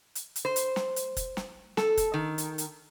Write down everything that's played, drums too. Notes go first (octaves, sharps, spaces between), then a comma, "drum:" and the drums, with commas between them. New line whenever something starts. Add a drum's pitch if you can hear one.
drum: hi-hat
drum: hi-hat
C5
drum: hi-hat
drum: snare
drum: hi-hat
drum: kick, hi-hat
drum: snare
A4, drum: snare
drum: kick, hi-hat
D#3
drum: hi-hat
drum: hi-hat